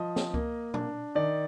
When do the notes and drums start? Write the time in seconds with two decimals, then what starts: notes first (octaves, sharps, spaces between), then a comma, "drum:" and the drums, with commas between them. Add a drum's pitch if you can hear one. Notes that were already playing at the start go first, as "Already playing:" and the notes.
Already playing: F3 D#5
0.16 drum: snare
0.34 A#3, drum: kick C#2
0.74 D4, drum: tom
1.15 D#3 D5